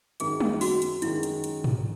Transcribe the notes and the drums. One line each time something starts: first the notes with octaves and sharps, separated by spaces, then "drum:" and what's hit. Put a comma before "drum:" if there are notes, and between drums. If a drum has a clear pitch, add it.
F#2 D#3 G#3 G#4, drum: hi-hat
drum: tom G3
F#4, drum: open hi-hat
drum: hi-hat
F#2 D#3 G#3 E4, drum: hi-hat
drum: hi-hat
drum: hi-hat
drum: tom G#2